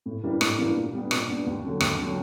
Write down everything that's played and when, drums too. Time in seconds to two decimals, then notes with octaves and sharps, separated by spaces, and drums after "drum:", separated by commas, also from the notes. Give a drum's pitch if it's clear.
0.06 A2
0.23 E3 G3 A#3 D4
0.41 A2, drum: rim click
0.58 E3 G3 A#3 D4
0.75 A#2
0.93 G3 B3 D4
1.11 A#2, drum: rim click
1.28 G3 B3 D4
1.46 D#2
1.64 D3 F#3
1.81 D#2, drum: rim click
1.99 D3 F#3